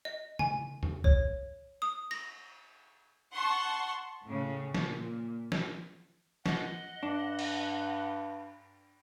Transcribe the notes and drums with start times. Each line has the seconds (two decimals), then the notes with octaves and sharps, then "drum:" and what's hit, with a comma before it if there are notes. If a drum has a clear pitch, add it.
0.05 D#5
0.39 G#5, drum: tom C#3
0.83 drum: tom
1.04 C#5, drum: kick C2
1.82 D#6
2.11 A#6, drum: cymbal
3.33 F#5 A5 C6 C#6
4.25 A2 C#3
4.75 A#2, drum: snare
5.52 drum: snare
6.46 D#5 F#5, drum: snare
7.03 G2 D4
7.39 drum: cymbal